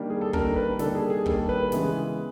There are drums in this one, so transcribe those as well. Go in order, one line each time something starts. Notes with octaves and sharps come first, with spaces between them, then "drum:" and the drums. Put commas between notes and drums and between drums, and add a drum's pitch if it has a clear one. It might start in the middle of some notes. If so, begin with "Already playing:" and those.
Already playing: D#3 G3 A#3 D4
G#4
A4
D#3 G3 A#3 D4 A#4, drum: kick
B4
D#3 G3 A#3 D4 A4, drum: snare
G#4
G#4
D#3 G3 A#3 D4 A4, drum: kick
B4
C#3 E3 G#3 B3, drum: snare